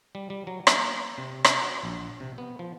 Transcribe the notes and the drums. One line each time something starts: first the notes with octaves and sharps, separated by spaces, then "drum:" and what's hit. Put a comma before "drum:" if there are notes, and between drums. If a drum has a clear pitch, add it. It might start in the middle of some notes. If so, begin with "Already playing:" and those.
G3
G3
F#3
A#3, drum: rim click
C3
drum: rim click
F#4
A#1
C3
B3
F3